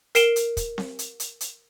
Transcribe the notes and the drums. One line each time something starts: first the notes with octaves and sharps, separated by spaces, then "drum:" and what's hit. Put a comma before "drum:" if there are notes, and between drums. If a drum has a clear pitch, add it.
A#4 C7 D7 E7 G7, drum: hi-hat
drum: hi-hat
drum: kick, hi-hat
drum: snare C4
drum: hi-hat
drum: hi-hat
drum: hi-hat